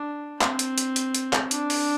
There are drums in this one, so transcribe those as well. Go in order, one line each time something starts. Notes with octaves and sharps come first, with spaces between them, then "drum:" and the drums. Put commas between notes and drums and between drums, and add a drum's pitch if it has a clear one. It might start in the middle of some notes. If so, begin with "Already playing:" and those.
Already playing: D4
C4, drum: clap
drum: hi-hat
drum: hi-hat
drum: hi-hat
drum: hi-hat
drum: clap
D4, drum: hi-hat
drum: open hi-hat